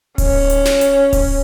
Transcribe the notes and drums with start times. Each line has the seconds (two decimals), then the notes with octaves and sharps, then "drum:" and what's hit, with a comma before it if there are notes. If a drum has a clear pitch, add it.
0.18 C#4, drum: kick D1, open hi-hat
0.50 drum: hi-hat
0.65 drum: snare
0.81 drum: hi-hat
1.13 drum: kick D1, open hi-hat